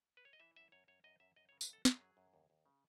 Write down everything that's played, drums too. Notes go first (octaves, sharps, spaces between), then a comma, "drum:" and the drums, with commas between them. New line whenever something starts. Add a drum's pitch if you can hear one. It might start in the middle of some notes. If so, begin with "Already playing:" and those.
B4
C#5
D#5
E3 E5
F#2 E5
F#2 C#5
F#2 C#5
F#2 D#5
F#2 E5
F#2 D#5
C#5
C#3
B4, drum: tambourine
F#2 A4
F#2 G#4, drum: snare
F#3
F#2
D#2
D#2
C#3